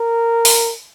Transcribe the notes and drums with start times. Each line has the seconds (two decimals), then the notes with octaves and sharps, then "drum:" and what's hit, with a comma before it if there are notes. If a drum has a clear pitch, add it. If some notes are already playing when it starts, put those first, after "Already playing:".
Already playing: A#4
0.45 drum: open hi-hat